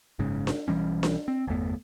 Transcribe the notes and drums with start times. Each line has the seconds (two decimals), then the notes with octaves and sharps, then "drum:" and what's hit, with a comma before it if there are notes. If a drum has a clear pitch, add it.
0.19 F#1 G#2 C#3
0.47 drum: snare D4
0.68 B1 E3 G3 C#4
1.03 drum: snare D4
1.28 C4
1.47 G1 E2 A3 B3